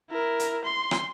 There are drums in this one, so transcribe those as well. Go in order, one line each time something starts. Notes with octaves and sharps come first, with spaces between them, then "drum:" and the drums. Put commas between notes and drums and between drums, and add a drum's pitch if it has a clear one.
E4 A#4
drum: hi-hat
C6
drum: rim click